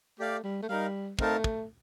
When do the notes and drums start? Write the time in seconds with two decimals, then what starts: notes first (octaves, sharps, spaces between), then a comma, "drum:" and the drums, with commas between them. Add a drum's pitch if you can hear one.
0.19 A3 G4 D5 F5
0.44 G3
0.62 A3
0.69 G3 D#4 A#4 F5
1.19 A3 C4 D#4 A#4 F5 A5, drum: kick
1.44 drum: kick